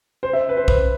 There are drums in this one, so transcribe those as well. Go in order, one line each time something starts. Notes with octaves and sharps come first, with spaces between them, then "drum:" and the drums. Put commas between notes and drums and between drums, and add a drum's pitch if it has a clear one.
C5
E5
B4
C5
B4, drum: kick